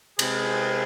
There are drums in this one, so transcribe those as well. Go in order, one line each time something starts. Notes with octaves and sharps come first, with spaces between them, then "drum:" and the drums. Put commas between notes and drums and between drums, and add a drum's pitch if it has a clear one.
C3 G#3 C4 G#4 B4, drum: cymbal